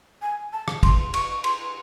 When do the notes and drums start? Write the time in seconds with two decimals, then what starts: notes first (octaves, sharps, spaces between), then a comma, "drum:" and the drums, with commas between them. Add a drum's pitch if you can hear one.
0.22 G#5
0.53 A5
0.68 drum: rim click
0.83 C6, drum: kick, cymbal
1.14 C#6, drum: cymbal
1.44 C6, drum: cymbal